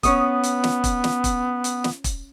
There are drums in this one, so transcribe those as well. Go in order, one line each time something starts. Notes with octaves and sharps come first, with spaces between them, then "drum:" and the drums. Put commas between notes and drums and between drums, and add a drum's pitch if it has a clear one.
B3 C#4 C#5 D#6, drum: kick E1, hi-hat
drum: hi-hat
drum: snare
drum: kick E1, hi-hat
drum: snare
drum: kick E1, hi-hat
drum: hi-hat
drum: snare
drum: kick E1, hi-hat